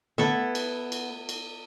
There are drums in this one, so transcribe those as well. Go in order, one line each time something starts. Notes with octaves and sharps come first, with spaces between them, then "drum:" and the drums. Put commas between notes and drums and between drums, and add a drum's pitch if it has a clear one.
B3 E4 A4 E5
drum: cymbal
drum: cymbal
drum: cymbal